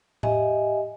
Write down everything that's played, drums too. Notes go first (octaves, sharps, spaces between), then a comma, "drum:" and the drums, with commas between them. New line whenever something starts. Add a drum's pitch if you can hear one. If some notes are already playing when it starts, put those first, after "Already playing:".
G4 D#5 E5 G#5, drum: tom A2